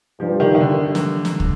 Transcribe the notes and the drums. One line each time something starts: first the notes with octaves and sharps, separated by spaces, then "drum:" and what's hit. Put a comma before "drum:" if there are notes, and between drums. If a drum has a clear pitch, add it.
G2 F3
D#3
D#3
D3
drum: snare
drum: snare
drum: kick